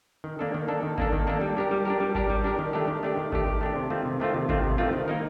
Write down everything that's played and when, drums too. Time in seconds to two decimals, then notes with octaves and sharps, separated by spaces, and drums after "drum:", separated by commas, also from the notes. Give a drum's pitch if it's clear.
0.24 D#3
0.39 A#3 D4 A4
0.54 D#3
0.68 A#3 D4 A4
0.83 D#3
0.98 A#3 D4 A4, drum: kick G#1
1.13 D#3
1.27 A#3 D4 A4
1.41 G3
1.57 D4 G4 A#4
1.71 G3
1.85 D4 G4 A#4
2.00 G3
2.15 D4 G4 A#4, drum: kick G#1
2.30 G3
2.44 D4 G4 A#4
2.59 D#3
2.73 A3 D4 G4
2.88 D#3
3.03 A3 D4 G4
3.17 D#3
3.32 A3 D4 G4, drum: kick G#1
3.47 D#3
3.61 A3 D4 G4
3.76 C3
3.90 D#3 A3 C4 F4
4.05 C3
4.20 D#3 A3 C4 F4
4.34 C3
4.49 D#3 A3 C4 F4, drum: kick G#1
4.64 C3
4.78 D#3 A3 C4 F4
4.93 D#3
5.08 A#3 D#4 A#4